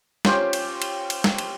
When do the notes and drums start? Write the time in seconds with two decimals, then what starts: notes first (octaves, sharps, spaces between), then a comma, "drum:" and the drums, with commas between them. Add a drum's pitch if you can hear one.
0.25 C#4 F4 G4 C5, drum: snare
0.53 drum: cymbal
0.82 drum: cymbal
1.10 drum: cymbal
1.24 drum: snare
1.38 drum: cymbal